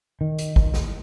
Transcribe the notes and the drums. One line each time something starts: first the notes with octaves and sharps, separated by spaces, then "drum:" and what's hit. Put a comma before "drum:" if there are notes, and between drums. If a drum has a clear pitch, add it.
D#3
drum: hi-hat
drum: kick
drum: snare